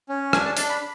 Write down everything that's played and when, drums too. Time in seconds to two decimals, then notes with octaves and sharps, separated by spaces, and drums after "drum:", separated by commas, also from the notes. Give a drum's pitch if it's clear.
0.09 C#4
0.33 D4 G#5, drum: rim click
0.45 A5
0.57 D4 A5, drum: hi-hat
0.70 B5